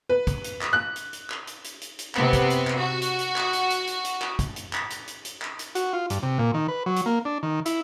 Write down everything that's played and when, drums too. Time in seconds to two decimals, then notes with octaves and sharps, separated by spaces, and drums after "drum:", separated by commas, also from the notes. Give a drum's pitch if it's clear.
0.09 B4
0.27 drum: kick, hi-hat
0.44 drum: hi-hat
0.61 drum: clap
0.73 F#6
0.96 drum: hi-hat
1.13 drum: hi-hat
1.30 drum: clap
1.47 drum: hi-hat
1.64 drum: hi-hat
1.82 drum: hi-hat
1.99 drum: hi-hat
2.15 C3 B3, drum: clap
2.33 drum: kick, hi-hat
2.50 drum: hi-hat
2.67 drum: clap
2.78 F#4
3.02 drum: hi-hat
3.19 drum: hi-hat
3.36 drum: clap
3.53 drum: hi-hat
3.70 drum: hi-hat
3.87 drum: hi-hat
4.05 drum: hi-hat
4.22 drum: clap
4.39 drum: kick, hi-hat
4.56 drum: hi-hat
4.73 drum: clap
4.90 drum: hi-hat
5.08 drum: hi-hat
5.25 drum: hi-hat
5.42 drum: clap
5.59 drum: hi-hat
5.75 F#4, drum: hi-hat
5.93 F4
6.10 G2, drum: hi-hat
6.23 C3
6.39 A#2
6.54 D#3
6.68 B4
6.86 F#3
6.96 drum: hi-hat
7.06 A#3
7.25 D4
7.43 D#3
7.66 E4, drum: hi-hat